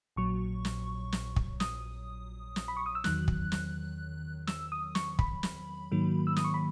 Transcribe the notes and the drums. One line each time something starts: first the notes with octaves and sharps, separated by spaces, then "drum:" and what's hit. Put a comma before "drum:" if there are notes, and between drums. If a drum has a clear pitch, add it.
A#1 A#2 F#3 C#6
drum: snare
drum: snare
drum: kick
D#6, drum: snare
drum: snare
B5
C#6
D#6
E6
E2 D#3 F#3 F#6, drum: snare
drum: kick
drum: snare
E6, drum: snare
D#6
C#6, drum: snare
B5, drum: kick
drum: snare
G#2 D#3 F#3 A#3
E6
D#6, drum: snare
C#6
B5